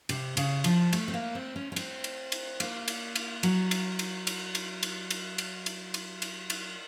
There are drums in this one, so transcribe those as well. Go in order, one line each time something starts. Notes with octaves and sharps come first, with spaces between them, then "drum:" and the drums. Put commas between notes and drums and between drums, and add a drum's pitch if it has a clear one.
C3, drum: cymbal
C#3, drum: cymbal
F3, drum: cymbal
A3, drum: cymbal
C4
A#3
C4
C#4
C#4
C4, drum: cymbal
drum: cymbal
drum: cymbal
A#3, drum: cymbal
drum: cymbal
drum: cymbal
F#3, drum: cymbal
drum: cymbal
drum: cymbal
drum: cymbal
drum: cymbal
drum: cymbal
drum: cymbal
drum: cymbal
drum: cymbal
drum: cymbal
drum: cymbal
drum: cymbal